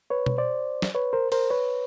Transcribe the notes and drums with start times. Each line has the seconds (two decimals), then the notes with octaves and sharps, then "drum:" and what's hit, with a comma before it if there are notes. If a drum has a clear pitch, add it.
0.10 B4 C#5
0.26 drum: tom B2
0.38 C5 D5
0.82 drum: snare
0.95 B4 C#5
1.13 A#4 C5
1.32 A#4 C5, drum: cymbal
1.50 B4 C#5